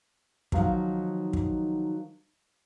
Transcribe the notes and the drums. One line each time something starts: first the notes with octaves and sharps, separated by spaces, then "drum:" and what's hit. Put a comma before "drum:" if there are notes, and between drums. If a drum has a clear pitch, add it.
D#3 F3 F#3 D#4 F5, drum: kick
drum: kick